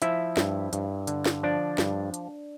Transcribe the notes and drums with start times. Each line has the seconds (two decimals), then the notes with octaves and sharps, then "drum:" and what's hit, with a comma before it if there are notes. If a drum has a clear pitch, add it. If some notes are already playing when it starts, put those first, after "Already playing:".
0.02 F3 E4 E5, drum: hi-hat
0.37 G2, drum: snare
0.73 G2, drum: hi-hat
1.07 D3, drum: hi-hat
1.26 drum: snare
1.43 F3 D4 D5
1.78 G2, drum: snare
2.14 drum: hi-hat